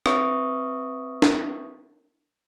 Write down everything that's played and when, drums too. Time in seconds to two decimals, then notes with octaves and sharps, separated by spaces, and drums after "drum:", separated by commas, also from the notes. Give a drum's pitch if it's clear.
0.06 C4 B4 E5 C#6 D#6, drum: rim click
1.22 drum: snare